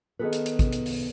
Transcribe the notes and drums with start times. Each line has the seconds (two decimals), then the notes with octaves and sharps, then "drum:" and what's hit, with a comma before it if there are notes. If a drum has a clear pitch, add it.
0.19 D#3 B3 C4 G#4 A4 B4
0.33 drum: hi-hat
0.46 drum: hi-hat
0.59 drum: kick, hi-hat
0.73 drum: hi-hat
0.86 drum: open hi-hat